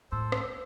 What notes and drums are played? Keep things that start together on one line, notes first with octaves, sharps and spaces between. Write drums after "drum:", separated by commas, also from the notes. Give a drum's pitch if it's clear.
A2 A4 C5
drum: rim click